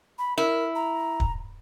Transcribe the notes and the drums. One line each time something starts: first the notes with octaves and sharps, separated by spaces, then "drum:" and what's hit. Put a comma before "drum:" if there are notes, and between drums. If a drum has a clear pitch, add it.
B5
E4 A#4
A#5
drum: kick